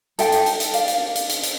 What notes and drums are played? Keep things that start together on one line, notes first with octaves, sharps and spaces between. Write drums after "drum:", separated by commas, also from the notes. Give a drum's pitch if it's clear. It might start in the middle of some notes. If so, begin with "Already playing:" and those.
A4 E5 G5, drum: hi-hat
drum: hi-hat
drum: hi-hat
drum: hi-hat
A#4 D5 F5, drum: hi-hat
drum: hi-hat
drum: hi-hat
drum: hi-hat
drum: hi-hat